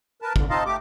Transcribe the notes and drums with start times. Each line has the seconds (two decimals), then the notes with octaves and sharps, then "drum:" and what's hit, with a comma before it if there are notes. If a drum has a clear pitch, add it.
0.22 A#4 B4 A5
0.36 F2 D3, drum: kick
0.50 C4 D#4 F4 D#5 F5 A5
0.66 A3 G4 D6